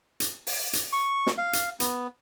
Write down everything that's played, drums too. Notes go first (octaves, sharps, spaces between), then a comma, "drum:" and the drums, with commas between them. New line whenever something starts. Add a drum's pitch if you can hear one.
drum: hi-hat
drum: open hi-hat
drum: hi-hat
C#6
drum: snare
F5
drum: hi-hat
B3, drum: hi-hat